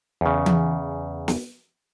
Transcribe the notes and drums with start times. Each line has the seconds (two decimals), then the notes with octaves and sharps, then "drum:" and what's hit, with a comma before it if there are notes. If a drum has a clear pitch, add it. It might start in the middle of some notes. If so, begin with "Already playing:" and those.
0.21 E2 C#3
0.46 drum: tom E3
1.28 drum: snare